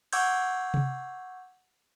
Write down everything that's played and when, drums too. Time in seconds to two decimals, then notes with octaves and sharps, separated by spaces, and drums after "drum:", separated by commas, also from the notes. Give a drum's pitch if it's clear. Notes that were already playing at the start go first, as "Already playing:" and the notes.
0.13 F#5 C#6 D6 E6 G6 G#6, drum: cymbal
0.74 drum: tom C3